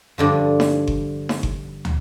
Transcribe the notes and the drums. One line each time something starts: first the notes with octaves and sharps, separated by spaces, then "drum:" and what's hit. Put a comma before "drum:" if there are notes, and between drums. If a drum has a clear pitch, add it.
G2 D3 F3
drum: snare D#4
drum: kick G1
drum: snare D#4
drum: kick G1
drum: tom